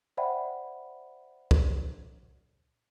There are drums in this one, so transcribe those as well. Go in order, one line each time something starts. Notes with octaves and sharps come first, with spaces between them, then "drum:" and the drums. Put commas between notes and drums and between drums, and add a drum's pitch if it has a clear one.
C5 D5 E5 F#5 G5 B5
drum: kick